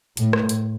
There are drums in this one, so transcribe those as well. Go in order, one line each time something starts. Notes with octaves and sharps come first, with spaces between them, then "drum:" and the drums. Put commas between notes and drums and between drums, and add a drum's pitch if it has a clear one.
A2, drum: hi-hat
drum: rim click
drum: hi-hat